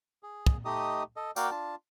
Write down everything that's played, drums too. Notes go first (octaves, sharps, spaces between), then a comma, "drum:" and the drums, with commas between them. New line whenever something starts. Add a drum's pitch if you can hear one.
G#4
drum: kick
A3 D#4 G4 D#5 D#6
A4 D#5
A#3 F#4 D5 F5 G5, drum: tambourine
D4 F4 A5